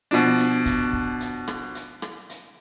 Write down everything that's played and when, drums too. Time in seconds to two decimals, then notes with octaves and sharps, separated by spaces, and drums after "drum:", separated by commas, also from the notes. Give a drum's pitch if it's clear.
0.11 B2 F3 D4, drum: hi-hat
0.38 drum: hi-hat
0.66 drum: kick, hi-hat
0.93 drum: kick
1.20 drum: hi-hat
1.48 drum: rim click
1.75 drum: hi-hat
2.02 drum: rim click
2.29 drum: hi-hat